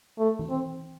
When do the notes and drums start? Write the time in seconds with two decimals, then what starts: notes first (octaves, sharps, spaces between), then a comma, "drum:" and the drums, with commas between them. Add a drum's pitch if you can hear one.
0.18 A3
0.39 drum: tom E3
0.49 C4